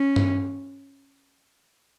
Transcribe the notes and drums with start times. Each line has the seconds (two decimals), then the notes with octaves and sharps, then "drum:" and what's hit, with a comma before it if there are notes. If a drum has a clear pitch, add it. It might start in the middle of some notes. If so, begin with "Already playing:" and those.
Already playing: C#4
0.16 drum: tom G2